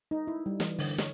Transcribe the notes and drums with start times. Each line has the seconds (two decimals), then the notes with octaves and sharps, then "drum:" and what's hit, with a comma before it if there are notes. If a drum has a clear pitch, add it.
0.11 D#4
0.27 E4
0.46 G3
0.60 E3, drum: snare
0.79 D3, drum: open hi-hat
0.98 C#5, drum: snare